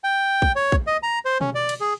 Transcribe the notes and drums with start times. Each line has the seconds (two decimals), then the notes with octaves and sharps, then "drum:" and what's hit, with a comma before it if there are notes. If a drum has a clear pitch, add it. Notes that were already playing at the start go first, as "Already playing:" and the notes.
0.04 G5
0.42 drum: kick
0.56 C#5
0.72 drum: kick
0.87 D#5
1.03 A#5
1.25 C5
1.41 C#4, drum: tom B2
1.55 D5
1.69 drum: cymbal
1.80 G#4